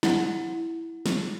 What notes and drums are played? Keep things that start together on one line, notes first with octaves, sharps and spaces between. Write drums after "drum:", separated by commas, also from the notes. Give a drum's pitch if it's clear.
E4 F#5, drum: snare
drum: snare